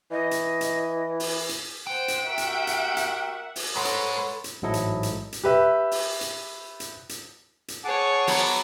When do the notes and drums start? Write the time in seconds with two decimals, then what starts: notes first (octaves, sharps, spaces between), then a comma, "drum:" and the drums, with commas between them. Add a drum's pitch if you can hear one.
0.11 E3 D#5
0.31 drum: hi-hat
0.61 drum: hi-hat
1.20 drum: open hi-hat
1.49 drum: hi-hat
1.87 C5 F#5 G5
2.08 drum: hi-hat
2.26 F#4 G4 A#4 E5 F#5
2.38 drum: hi-hat
2.67 drum: hi-hat
2.97 drum: hi-hat
3.56 drum: open hi-hat
3.76 G#2 G#3 A4 B4 C#5 F#5
3.85 drum: hi-hat
4.44 drum: hi-hat
4.62 A1 G#2 F#3 E4 A4 D#5
4.74 drum: hi-hat
5.03 drum: hi-hat
5.32 drum: hi-hat
5.44 G4 B4 E5
5.91 drum: open hi-hat
6.21 drum: hi-hat
6.80 drum: hi-hat
7.09 drum: hi-hat
7.68 drum: hi-hat
7.84 G#4 C#5 F#5 A5 D6
8.27 F#3 B3, drum: open hi-hat